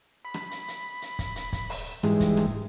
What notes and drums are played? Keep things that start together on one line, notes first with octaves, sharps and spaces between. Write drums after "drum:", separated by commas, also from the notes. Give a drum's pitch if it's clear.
B5
drum: rim click
drum: hi-hat
drum: hi-hat
drum: hi-hat
drum: kick, hi-hat
drum: hi-hat
drum: kick, hi-hat
drum: open hi-hat
G#2 E3 G3 G#3, drum: rim click
drum: kick, hi-hat
drum: rim click